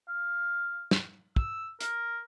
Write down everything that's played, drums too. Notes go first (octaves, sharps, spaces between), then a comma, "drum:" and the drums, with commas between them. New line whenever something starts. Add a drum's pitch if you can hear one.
F5
drum: snare
E6, drum: kick
A#4, drum: hi-hat